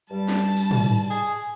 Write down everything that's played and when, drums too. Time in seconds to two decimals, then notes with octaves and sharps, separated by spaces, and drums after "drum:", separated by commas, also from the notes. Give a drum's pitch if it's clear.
0.11 G2 G3 A5
0.28 drum: snare
0.57 drum: cymbal
0.71 drum: tom
1.10 G#4, drum: tambourine